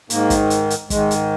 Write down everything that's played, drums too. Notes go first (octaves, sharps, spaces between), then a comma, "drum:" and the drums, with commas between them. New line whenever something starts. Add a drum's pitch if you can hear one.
G#2 D#3 A#3, drum: hi-hat
drum: kick, hi-hat
drum: hi-hat
drum: hi-hat
G#2 D#3 G#3, drum: kick, hi-hat
drum: hi-hat